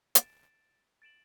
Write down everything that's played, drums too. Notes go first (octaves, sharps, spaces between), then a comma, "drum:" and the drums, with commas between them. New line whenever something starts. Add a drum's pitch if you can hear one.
A6 D7 E7, drum: hi-hat
A6 D7 E7 F#7